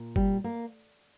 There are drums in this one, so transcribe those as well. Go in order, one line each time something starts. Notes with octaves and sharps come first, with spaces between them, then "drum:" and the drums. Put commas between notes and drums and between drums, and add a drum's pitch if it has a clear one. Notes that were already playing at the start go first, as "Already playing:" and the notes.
Already playing: A#2
G3, drum: kick G1
A#3